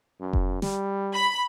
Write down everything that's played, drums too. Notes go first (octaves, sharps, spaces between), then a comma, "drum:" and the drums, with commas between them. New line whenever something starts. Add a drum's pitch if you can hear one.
F#2
drum: kick F1
G3, drum: snare
B5